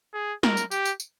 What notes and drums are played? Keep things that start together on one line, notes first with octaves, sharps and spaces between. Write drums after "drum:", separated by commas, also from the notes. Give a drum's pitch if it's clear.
G#4
A#4, drum: snare
drum: tambourine
G4, drum: tambourine
drum: tambourine
drum: tambourine